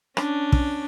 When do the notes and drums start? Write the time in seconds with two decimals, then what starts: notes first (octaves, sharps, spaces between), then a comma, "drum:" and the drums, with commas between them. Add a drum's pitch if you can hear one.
0.17 C#4 D4, drum: rim click
0.52 drum: kick